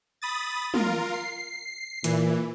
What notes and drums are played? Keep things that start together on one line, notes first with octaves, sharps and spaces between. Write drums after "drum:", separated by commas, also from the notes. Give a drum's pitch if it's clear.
B5 D#6 A6
F4 A#4, drum: tom
C7
A#2 E3, drum: hi-hat